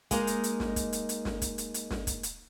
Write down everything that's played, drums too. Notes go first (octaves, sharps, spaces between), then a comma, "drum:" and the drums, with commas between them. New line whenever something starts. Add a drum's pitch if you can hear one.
G#3 A#3 D#4, drum: kick, hi-hat
drum: hi-hat
drum: hi-hat
drum: snare
drum: kick, hi-hat
drum: hi-hat
drum: hi-hat
drum: snare
drum: kick, hi-hat
drum: hi-hat
drum: hi-hat
drum: snare
drum: kick, hi-hat
drum: hi-hat